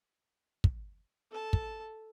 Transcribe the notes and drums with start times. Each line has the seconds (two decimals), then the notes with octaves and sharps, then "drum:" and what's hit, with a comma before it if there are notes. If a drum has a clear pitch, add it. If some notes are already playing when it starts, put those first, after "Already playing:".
0.64 drum: kick
1.31 A4 A5
1.53 drum: kick